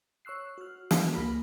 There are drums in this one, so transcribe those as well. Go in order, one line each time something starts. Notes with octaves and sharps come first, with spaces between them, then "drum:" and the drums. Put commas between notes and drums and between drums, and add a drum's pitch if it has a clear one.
C#5 C#6 E6 F#6 C7
F#4 F6
A#5, drum: snare
C#2 A#3 F#4 B5 F6 B6